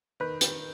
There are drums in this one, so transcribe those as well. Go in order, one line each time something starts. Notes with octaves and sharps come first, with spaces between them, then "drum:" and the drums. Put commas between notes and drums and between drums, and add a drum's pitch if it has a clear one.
D#3 B4
drum: hi-hat